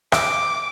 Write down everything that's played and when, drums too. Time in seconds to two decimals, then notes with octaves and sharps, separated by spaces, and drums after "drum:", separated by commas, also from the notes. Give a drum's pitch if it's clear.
0.12 D6, drum: rim click